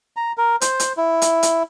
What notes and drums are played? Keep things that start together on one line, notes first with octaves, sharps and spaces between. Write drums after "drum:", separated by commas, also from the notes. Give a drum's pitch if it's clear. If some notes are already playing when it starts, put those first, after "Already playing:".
A#5
A#4
C5, drum: hi-hat
drum: hi-hat
E4
drum: hi-hat
drum: hi-hat